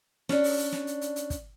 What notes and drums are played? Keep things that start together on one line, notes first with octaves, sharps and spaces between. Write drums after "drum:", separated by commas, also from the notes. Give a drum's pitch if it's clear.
C#4 D4, drum: snare
drum: open hi-hat
drum: hi-hat
drum: snare
drum: hi-hat
drum: hi-hat
drum: hi-hat
drum: kick, hi-hat